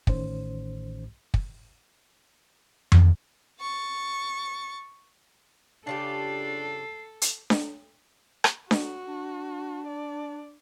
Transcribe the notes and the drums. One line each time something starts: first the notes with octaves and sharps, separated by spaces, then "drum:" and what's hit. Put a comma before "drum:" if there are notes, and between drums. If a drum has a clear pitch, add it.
A1 D#3 C#4 C5, drum: kick
drum: kick
drum: tom F2
C#6 A6
C#3 D4 F4 G4 A4 C7
drum: hi-hat
drum: snare D4
drum: rim click
F#4, drum: snare D4
D4
D5